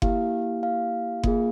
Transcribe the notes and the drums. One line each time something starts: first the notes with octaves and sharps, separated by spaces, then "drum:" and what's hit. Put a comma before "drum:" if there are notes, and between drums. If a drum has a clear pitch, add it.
A#3 E4 G4 F5, drum: kick F#1
F5
A#3 F4 G#4, drum: kick F#1